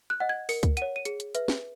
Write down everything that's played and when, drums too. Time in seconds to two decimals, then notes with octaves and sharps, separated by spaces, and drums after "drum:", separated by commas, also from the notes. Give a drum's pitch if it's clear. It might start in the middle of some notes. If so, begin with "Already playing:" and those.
0.10 F#6
0.20 D#5 F#5
0.29 G#6
0.49 A#4 C#7, drum: open hi-hat
0.63 drum: kick C#2, hi-hat
0.77 C#5 F#5 D#7, drum: hi-hat
0.96 D#7
1.05 G#4 C#7, drum: hi-hat
1.20 drum: hi-hat
1.35 B4 E5, drum: hi-hat
1.48 drum: snare